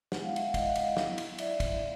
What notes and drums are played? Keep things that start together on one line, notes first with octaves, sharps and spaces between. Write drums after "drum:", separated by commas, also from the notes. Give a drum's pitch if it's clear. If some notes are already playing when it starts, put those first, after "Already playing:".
G#3 B3 E4 F#5, drum: snare
F5
E5 F#5, drum: cymbal
D#5 F5, drum: kick, cymbal
drum: cymbal
F#3 B3 E4, drum: snare
drum: cymbal
D5 E5, drum: cymbal
drum: kick, cymbal